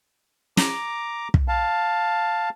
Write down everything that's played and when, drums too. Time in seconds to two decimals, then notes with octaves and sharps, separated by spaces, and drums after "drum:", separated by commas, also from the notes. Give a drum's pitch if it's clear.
0.57 A#5 D6, drum: snare
1.34 drum: kick
1.48 F5 A5